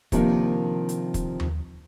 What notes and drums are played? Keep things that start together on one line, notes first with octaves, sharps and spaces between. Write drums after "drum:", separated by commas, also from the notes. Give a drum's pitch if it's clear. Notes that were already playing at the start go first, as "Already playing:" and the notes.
C3 D#3 F3 A#3 D4, drum: kick, hi-hat
drum: hi-hat
drum: kick, hi-hat
drum: tom D#2